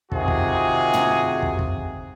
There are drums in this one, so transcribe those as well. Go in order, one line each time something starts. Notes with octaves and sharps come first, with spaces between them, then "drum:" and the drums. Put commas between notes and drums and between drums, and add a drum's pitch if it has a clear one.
C3 D#3 F4 F#4 G#4, drum: kick
drum: kick
drum: tom
drum: kick
drum: kick